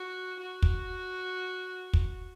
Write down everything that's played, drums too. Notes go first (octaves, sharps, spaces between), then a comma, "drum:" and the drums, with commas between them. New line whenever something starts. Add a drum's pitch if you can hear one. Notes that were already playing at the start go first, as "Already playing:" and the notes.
Already playing: F#4
F#4
drum: kick
drum: kick